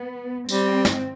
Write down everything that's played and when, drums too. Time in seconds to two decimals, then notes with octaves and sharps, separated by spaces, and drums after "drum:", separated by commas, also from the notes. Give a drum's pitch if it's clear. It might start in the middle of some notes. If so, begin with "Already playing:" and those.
Already playing: B3
0.49 G3 C4, drum: tambourine
0.85 drum: snare